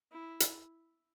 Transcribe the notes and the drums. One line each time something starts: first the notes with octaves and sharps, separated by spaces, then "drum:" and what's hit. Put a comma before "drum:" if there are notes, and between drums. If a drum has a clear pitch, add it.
E4
drum: hi-hat